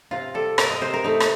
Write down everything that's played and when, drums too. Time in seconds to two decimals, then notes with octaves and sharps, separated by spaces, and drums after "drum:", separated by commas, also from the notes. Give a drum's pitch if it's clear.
0.11 C3 F4
0.34 G3 A4
0.58 C3 A#4, drum: rim click
0.71 D#5
0.81 C3 C5
0.94 A#4
1.04 A3 D#4
1.20 drum: rim click